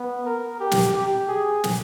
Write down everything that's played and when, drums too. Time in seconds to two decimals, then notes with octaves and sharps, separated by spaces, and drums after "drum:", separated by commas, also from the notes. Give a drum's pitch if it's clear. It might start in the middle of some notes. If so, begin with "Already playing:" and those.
Already playing: B3
0.25 A#4
0.60 G4
0.71 drum: snare
0.95 G4
1.29 G#4
1.64 drum: snare